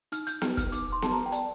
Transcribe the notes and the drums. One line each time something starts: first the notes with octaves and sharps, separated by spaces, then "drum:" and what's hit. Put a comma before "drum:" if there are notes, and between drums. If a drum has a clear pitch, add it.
D#4 F6, drum: hi-hat
G6, drum: hi-hat
D#4 F6, drum: snare B3
F6, drum: kick, hi-hat
D#4 D6, drum: hi-hat
C6
A4 A5, drum: snare B3
A#5
G5
D5 A5, drum: hi-hat